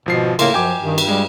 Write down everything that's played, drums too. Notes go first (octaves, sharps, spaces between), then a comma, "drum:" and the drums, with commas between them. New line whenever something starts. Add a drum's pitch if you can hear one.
G#1 B2 F3 C7
A2 C#3 A#3 C6, drum: cymbal
F#2 F3 G5 G#5 D6
G2 D#3
drum: cymbal
G3 G#3